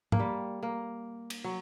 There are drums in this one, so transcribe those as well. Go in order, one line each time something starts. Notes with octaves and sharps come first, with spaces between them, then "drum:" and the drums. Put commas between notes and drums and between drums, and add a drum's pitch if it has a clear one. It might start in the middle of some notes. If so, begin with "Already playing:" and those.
A#3, drum: tom G#2
G3
A#3
drum: cymbal
F#3